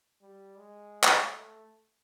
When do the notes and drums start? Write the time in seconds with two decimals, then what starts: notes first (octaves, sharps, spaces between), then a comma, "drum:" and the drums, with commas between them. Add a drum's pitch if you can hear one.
0.22 G3
0.57 G#3
1.04 drum: clap
1.27 A3